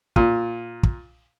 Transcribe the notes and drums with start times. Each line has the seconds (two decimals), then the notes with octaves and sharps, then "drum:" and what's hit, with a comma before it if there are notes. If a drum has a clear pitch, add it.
0.16 A#2, drum: kick
0.83 drum: kick